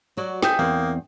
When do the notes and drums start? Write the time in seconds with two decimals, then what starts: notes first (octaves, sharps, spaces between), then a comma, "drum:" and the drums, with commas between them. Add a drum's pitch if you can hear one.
0.17 F#3 F#4 D5
0.42 E5 G5 G#5 D#6 G6, drum: snare
0.59 E2 A#3 C4